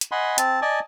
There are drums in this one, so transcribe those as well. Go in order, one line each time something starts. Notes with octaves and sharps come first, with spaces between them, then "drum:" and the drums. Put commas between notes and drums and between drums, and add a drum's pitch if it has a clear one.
drum: hi-hat
D#5 F#5 G#5 B5 C6
C4 A5, drum: hi-hat
D5 D#5 G#5 A5